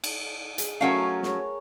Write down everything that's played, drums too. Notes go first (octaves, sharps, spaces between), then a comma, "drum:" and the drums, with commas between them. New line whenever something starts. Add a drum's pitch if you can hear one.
drum: cymbal
G#4, drum: hi-hat
F#3 A3 C#4 A#4 F5 F#5
G#4 C#5, drum: snare